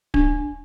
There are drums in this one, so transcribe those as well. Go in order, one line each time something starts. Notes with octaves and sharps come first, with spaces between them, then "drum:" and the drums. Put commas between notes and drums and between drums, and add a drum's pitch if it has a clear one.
D4, drum: kick D1